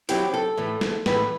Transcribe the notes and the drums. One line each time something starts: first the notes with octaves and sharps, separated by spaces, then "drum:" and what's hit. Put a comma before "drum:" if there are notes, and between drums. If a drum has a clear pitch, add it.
F#3 C4 E4 G4, drum: hi-hat
A4
A2 E3 A3
drum: snare
A2 E3 A3 B4, drum: snare